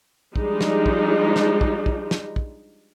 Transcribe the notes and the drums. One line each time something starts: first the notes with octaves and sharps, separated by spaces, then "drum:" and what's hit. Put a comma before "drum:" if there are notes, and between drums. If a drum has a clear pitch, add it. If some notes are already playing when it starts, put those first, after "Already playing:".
F3 G3 G#3 D4 D#4, drum: kick
drum: snare
drum: kick
drum: snare
drum: kick
drum: kick
drum: snare
drum: kick